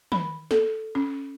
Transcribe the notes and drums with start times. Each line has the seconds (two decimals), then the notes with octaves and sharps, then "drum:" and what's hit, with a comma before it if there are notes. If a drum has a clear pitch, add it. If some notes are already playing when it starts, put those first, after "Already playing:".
0.12 B5, drum: tom D#3
0.51 A4, drum: snare
0.95 C#4